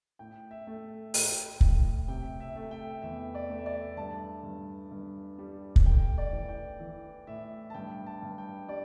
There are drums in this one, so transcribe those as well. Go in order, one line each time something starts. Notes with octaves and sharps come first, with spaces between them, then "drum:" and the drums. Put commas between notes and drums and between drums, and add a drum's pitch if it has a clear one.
A2 G5
E5
A3
A2 G5, drum: open hi-hat
A2, drum: kick
C3 G5
E5
A3
G5
E2 E5
D5
A3
E5
D5
G2 A5
G2
G2
G3
drum: kick
A3 G5
D5
E3
G5
E3
A2 E5
A5
G2 G5
A5
G2
G5
G3 D5